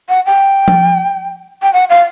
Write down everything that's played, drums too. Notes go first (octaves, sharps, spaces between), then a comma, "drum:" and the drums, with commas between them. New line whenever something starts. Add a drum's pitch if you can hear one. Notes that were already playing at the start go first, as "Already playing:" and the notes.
F#5
G5
drum: tom F3
G5
F#5
F5